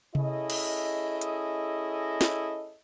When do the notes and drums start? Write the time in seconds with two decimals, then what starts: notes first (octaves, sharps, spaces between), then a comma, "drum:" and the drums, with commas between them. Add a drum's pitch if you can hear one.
0.15 C#4 E4 G#4 A4 D#5, drum: tom C3
0.50 drum: cymbal
1.21 drum: hi-hat
2.21 drum: snare